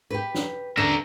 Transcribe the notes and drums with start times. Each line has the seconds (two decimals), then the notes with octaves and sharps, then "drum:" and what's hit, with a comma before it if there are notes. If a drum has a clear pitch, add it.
0.10 G4 B4
0.35 drum: snare
0.77 D3 A#4 E5